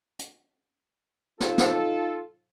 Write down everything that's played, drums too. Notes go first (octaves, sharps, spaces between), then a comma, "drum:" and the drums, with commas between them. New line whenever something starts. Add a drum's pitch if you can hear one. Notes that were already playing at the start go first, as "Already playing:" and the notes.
drum: hi-hat
D#4 F4 A4, drum: snare
drum: snare